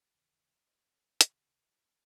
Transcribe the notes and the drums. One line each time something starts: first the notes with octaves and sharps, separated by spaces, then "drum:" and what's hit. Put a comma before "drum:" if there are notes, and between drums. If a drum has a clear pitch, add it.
D#2 C#3 E3
C5 D#5
A4 C#5
C2 C3 D#3, drum: hi-hat